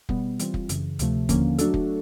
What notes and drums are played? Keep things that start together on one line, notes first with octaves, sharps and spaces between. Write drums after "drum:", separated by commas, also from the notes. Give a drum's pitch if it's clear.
B2 G3 B3, drum: kick
E3 G3 C4 F4, drum: hi-hat
drum: kick
F#2 C#3 E3, drum: hi-hat
D2 C3 F3 A3, drum: hi-hat
D#2 D3 F3 A#3 C#4, drum: kick, hi-hat
F#3 A3 D4 F#4 A4, drum: hi-hat
drum: kick